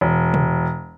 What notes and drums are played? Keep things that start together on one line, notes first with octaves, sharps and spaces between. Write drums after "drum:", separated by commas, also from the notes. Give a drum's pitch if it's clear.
E1
drum: tom C3